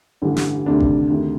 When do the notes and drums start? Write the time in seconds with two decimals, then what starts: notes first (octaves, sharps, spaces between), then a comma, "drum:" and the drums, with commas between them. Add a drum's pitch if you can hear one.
0.22 A1 G2 D3
0.37 drum: snare
0.66 D2 C3 D#3 D4
0.80 drum: kick G#1
1.10 D2 C3 D#3